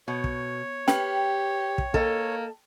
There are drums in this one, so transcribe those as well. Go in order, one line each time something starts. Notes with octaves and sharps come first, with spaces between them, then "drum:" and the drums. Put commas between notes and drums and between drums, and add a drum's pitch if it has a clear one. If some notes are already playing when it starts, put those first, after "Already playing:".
B2 C#5
drum: kick
G4 B4 G5, drum: snare
drum: kick
A#3 A4 D#5, drum: kick